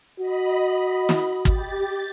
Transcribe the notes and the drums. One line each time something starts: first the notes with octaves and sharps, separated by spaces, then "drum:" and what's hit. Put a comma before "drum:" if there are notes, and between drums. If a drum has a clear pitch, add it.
F#4 D#5 B5
drum: snare
G4 A6, drum: kick